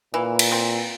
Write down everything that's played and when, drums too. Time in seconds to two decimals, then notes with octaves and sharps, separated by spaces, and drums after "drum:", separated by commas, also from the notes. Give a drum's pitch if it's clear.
0.14 A#2 E3
0.39 drum: cymbal
0.51 C4